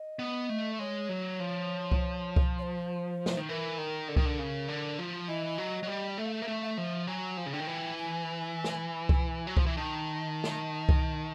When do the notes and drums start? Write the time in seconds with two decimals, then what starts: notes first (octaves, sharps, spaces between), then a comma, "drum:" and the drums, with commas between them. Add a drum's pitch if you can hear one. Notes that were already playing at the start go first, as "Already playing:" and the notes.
Already playing: D#5
0.19 B3
0.49 A3
0.79 G#3 C#5
1.09 F#3
1.40 F3
1.92 drum: kick C2
2.36 drum: kick C2
2.59 C#5
2.63 C5
3.26 drum: snare
3.37 D#3
3.49 E3 A#4
3.78 D#3
4.08 D3
4.16 D#3, drum: kick C2
4.25 D3
4.39 C#3
4.68 D3
4.99 F3
5.28 E3 D#5
5.58 F#3
5.83 F#3
5.87 G3
6.18 A3 E5
6.26 F5
6.33 E5
6.42 A#3
6.48 A3
6.62 F5
6.66 E5
6.77 F3
7.07 F#3 G#5
7.37 F3
7.46 C#3
7.52 D3 G5
7.60 D#3
7.67 E3
7.97 G#5
8.64 drum: snare
9.09 drum: kick C2
9.47 F#3
9.57 F3, drum: kick C2
9.66 E3
9.76 D#3 A5
10.44 drum: snare
10.89 drum: kick C2